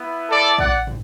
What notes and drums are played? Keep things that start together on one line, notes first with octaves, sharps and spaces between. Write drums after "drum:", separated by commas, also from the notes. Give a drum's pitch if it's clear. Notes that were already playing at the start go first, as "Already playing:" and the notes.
Already playing: B3 E4
A4 D5
D5 F#5, drum: kick
drum: tom